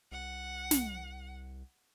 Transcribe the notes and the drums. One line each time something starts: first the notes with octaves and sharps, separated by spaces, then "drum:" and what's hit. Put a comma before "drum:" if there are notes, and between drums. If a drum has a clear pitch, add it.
C2 F#5
drum: snare